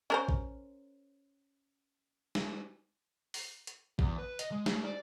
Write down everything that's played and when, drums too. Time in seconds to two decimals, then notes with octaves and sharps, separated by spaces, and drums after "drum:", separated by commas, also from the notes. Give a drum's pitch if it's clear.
0.10 C#4 A#4 C5
0.29 drum: kick A1
2.35 drum: snare
3.34 drum: open hi-hat
3.67 drum: hi-hat
3.99 E2, drum: kick A1
4.19 B4
4.39 D#5, drum: hi-hat
4.52 G#3
4.66 A3, drum: snare
4.84 D5